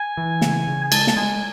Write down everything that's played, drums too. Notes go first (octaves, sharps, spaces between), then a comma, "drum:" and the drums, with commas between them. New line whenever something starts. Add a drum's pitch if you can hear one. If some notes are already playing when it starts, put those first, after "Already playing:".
Already playing: G#5
E3
C#3, drum: snare
C#3
G#5
G#3 A5, drum: cymbal
A5, drum: snare
G#3 G#5